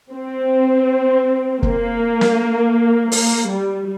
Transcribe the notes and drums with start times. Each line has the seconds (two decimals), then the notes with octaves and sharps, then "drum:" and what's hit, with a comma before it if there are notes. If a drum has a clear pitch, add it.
0.13 C4
1.63 A#3, drum: kick
2.21 drum: snare
3.12 A#3, drum: open hi-hat
3.49 G3